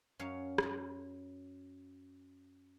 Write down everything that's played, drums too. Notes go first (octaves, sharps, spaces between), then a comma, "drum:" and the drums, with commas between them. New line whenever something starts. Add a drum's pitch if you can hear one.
F#2 C#5 F5
drum: rim click